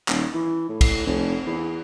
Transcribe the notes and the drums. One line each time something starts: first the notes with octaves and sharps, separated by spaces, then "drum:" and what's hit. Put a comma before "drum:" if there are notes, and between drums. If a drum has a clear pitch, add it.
D#1, drum: clap
E3
A2
drum: kick, cymbal
F1
E2